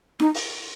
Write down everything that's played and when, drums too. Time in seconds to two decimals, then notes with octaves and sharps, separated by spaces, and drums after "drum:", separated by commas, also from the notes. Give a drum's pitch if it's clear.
0.20 D#4, drum: snare E4
0.34 drum: open hi-hat